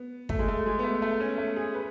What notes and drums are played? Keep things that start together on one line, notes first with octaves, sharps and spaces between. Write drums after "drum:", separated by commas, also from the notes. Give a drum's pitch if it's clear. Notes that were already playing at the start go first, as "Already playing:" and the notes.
Already playing: B3
A3, drum: kick
G#3
A3
G#3
B3
A3
A3
C#4
A3
G#4
B4